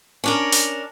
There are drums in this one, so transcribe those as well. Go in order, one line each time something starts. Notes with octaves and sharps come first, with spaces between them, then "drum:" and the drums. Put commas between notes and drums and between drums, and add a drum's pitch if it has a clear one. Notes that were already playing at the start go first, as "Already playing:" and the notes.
C#4 D4 A#4
drum: hi-hat